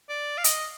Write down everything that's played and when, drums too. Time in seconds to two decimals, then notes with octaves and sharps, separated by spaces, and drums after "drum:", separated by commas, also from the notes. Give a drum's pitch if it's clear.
0.09 D5
0.38 F5
0.44 D#5, drum: hi-hat